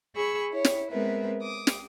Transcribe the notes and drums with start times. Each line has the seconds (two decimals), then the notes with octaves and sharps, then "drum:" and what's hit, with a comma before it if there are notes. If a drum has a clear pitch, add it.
0.15 G#4 B5 C#6 E6
0.50 E4 C#5
0.65 drum: snare
0.88 G#3 B3 C4 A#4 B4 E5
1.41 D6 D#6
1.67 drum: snare